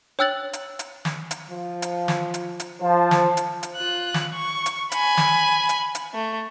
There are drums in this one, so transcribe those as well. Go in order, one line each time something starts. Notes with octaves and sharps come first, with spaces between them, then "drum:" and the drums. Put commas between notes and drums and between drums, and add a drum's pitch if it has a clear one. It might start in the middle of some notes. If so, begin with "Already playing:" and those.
C#5 G5 E6 F#6 A6 F#7
drum: hi-hat
drum: hi-hat
drum: snare
drum: hi-hat
F3
drum: hi-hat
drum: snare
drum: hi-hat
drum: hi-hat
F3 C5 A5
drum: snare
drum: hi-hat
drum: hi-hat
F4 F#6
drum: snare
C#6
drum: hi-hat
G#5 B5, drum: hi-hat
drum: snare
drum: hi-hat
drum: hi-hat
A3